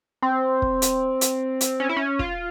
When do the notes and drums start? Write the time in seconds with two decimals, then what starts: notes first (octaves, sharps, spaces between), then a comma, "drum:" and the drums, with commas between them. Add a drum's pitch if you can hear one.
0.22 C4
0.62 drum: kick
0.82 drum: hi-hat
1.21 drum: hi-hat
1.61 drum: hi-hat
1.80 C#4
1.89 E4
1.97 C#4
2.19 F4, drum: kick